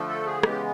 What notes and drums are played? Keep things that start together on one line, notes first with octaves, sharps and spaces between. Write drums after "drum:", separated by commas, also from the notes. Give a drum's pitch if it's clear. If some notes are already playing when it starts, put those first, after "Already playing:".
Already playing: D3 F3 A3
A4
G#4
C#3 E3 G#3 B3 G4, drum: rim click